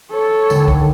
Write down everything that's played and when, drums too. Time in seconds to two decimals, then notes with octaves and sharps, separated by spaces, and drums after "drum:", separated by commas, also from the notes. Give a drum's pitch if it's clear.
0.11 A4 C#5
0.50 D#2 D3 G#3, drum: tambourine
0.68 drum: kick